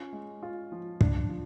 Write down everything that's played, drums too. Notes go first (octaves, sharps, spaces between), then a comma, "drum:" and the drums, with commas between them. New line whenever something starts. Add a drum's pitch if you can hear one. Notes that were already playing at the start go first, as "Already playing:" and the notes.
Already playing: C#4 F4
G#3
F4
F3
D4, drum: kick
F3